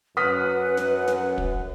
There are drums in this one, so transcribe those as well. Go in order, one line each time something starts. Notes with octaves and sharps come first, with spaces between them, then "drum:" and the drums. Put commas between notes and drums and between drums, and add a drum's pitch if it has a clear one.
F#2 B4 F#5 D#6 F6 B6
drum: snare
drum: snare
drum: kick